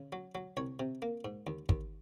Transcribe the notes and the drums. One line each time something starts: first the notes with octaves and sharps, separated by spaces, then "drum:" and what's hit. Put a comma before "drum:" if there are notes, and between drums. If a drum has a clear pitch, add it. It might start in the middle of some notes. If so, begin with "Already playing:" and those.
Already playing: C#3
F#3
F#3
C2 C#5
C3
A#3
G#2
D#2
D#2, drum: kick